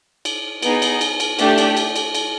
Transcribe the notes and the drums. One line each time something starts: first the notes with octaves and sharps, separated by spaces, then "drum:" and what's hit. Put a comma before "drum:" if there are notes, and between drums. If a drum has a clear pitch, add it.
drum: cymbal
B3 D#4 G#4, drum: cymbal
drum: cymbal
drum: cymbal
drum: cymbal
A3 D4 G4, drum: cymbal
drum: cymbal
drum: cymbal
drum: cymbal
drum: cymbal